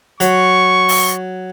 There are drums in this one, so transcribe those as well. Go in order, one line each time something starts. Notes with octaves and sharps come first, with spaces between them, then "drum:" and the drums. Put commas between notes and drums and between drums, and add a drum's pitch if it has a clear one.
F#3 C#6, drum: hi-hat
drum: open hi-hat